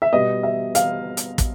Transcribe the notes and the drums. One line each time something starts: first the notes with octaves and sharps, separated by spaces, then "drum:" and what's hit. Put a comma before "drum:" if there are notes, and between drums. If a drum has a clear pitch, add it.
E5
B2 G3 B3 D#5
E5
F5, drum: hi-hat
drum: hi-hat
drum: kick, hi-hat